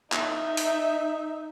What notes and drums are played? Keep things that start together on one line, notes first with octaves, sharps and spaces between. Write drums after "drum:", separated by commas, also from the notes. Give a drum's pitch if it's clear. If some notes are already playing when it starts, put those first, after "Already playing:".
D#4 E5, drum: clap
drum: open hi-hat